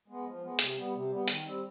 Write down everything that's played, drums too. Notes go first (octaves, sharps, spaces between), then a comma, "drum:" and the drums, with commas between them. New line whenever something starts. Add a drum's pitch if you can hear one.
G#3 B3
F3
G#3 B3
C3, drum: hi-hat
G3 B3
C3
G3 B3
D#3, drum: hi-hat
G3 C4